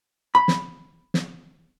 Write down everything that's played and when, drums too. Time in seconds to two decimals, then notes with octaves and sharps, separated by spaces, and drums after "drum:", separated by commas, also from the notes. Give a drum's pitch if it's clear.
0.35 B5
0.48 drum: snare
1.14 drum: snare